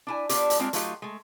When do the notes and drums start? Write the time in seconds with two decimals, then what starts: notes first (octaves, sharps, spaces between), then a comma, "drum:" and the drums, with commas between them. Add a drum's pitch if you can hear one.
0.07 D4 E4 G#5
0.29 B3 D4 F4 G4, drum: hi-hat
0.50 drum: hi-hat
0.59 G3 G#3 C4 D4 F4
0.73 F#3 A3 D#4 F4 G4 D#5, drum: hi-hat
1.02 G#3 A3